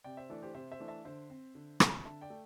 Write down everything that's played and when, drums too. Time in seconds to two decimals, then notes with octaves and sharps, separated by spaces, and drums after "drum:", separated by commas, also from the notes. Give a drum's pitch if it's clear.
0.04 C3 D5 G5
0.17 C5 E5
0.30 E3 A3 D4 A4 D5
0.42 G4 C5
0.54 C3 C5 E5
0.72 C5 E5
0.80 E3 A3 D4
0.88 E5 A5
1.05 D3 C5 E5
1.30 C4
1.55 D3
1.80 C4, drum: rim click
2.05 D3 E5 A5
2.21 D5 G5
2.30 A3